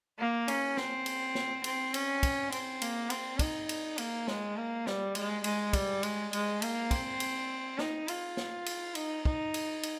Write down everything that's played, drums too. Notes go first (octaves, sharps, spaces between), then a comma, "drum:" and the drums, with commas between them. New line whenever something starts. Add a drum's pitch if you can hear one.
A#3
C#4, drum: cymbal
C4, drum: snare
drum: cymbal
drum: snare
C4, drum: cymbal
C#4, drum: cymbal
drum: kick, cymbal
C4, drum: cymbal
A#3, drum: cymbal
C4, drum: cymbal
D#4, drum: kick, cymbal
drum: cymbal
A#3, drum: cymbal
G#3, drum: snare
A#3
G3, drum: snare
G#3, drum: cymbal
G#3, drum: cymbal
G3, drum: kick, cymbal
G#3, drum: cymbal
G#3, drum: cymbal
A#3, drum: cymbal
C4, drum: kick, cymbal
drum: cymbal
D#4, drum: snare
F4, drum: cymbal
drum: snare
drum: cymbal
D#4, drum: cymbal
D#4, drum: kick
drum: cymbal
drum: cymbal